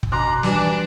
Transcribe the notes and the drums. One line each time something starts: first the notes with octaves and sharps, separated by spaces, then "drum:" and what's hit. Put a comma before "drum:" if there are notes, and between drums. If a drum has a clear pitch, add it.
drum: kick
B2 A#5 C6 D6 F#6
E3 G3 D4, drum: snare